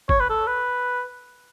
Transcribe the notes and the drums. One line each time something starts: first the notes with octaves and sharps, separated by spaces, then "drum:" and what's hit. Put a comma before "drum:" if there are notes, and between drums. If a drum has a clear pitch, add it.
C#5, drum: kick
B4
A4
B4